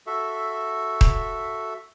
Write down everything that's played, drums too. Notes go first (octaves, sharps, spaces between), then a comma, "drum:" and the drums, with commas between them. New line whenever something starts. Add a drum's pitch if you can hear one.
F#4 A4 E5
drum: kick D#1